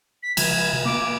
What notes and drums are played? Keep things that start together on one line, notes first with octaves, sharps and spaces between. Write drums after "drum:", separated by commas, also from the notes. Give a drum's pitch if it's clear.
B6
C#3 F3 G#3 G#6, drum: cymbal
C3
A#3 D6